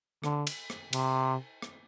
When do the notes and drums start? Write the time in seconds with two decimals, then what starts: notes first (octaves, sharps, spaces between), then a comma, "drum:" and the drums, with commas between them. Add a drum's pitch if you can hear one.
0.24 D3, drum: rim click
0.47 drum: cymbal
0.70 drum: rim click
0.93 C3, drum: cymbal
1.62 drum: rim click